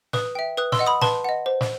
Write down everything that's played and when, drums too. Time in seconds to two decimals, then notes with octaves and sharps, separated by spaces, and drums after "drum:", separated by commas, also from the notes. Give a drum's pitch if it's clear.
0.13 B4 D#6 F#6, drum: snare
0.35 E5 G5
0.57 B4 D#6 F#6
0.72 C6 E6, drum: snare
0.79 D#5 F#5
0.87 B5 D#6
1.02 B4 A5 C6, drum: snare
1.24 D#5 F#5
1.46 C5
1.61 drum: snare